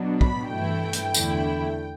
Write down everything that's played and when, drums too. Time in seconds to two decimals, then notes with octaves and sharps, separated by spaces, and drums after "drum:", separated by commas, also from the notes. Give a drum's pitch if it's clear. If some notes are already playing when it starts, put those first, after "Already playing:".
Already playing: B2 F#3 B3 D4
0.21 B5, drum: kick
0.51 G2 E3 A3 E4 G5
0.93 drum: hi-hat
1.14 E2 D3 A3 E4, drum: tambourine